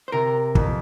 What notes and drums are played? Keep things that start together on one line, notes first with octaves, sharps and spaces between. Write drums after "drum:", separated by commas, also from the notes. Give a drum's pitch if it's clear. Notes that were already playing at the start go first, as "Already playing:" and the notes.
C5
C3 A#4
F2, drum: kick